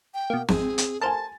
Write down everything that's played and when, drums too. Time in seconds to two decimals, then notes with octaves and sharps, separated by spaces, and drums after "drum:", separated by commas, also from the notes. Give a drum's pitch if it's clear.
0.14 G5
0.30 B2 A#3
0.49 G#1 F2 G#2 C4 G#4, drum: snare
0.78 drum: hi-hat
1.02 A4 A#4 C5 G#5 A5 A6